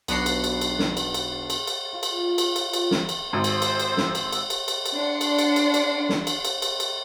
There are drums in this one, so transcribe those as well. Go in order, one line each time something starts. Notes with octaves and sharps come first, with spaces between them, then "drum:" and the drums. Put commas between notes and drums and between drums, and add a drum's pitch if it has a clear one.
B1 B3 D4 F#4 F#5 C7, drum: cymbal
drum: cymbal
drum: cymbal
drum: cymbal
drum: snare
drum: cymbal
drum: cymbal
drum: cymbal
drum: cymbal
F4
drum: cymbal
drum: cymbal
drum: cymbal
drum: cymbal
drum: snare
drum: cymbal
G#1 C5 E6
drum: cymbal
drum: cymbal
drum: cymbal
drum: snare
drum: cymbal
drum: cymbal
drum: cymbal
drum: cymbal
drum: cymbal
D4 D5 F#5 C6
drum: cymbal
drum: cymbal
drum: cymbal
drum: cymbal
drum: snare
drum: cymbal
drum: cymbal
drum: cymbal
drum: cymbal